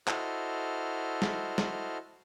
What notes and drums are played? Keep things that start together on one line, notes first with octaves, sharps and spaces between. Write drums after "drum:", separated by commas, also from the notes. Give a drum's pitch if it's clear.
E4 F#4 A4 C5 D#5 F6, drum: clap
drum: snare
drum: snare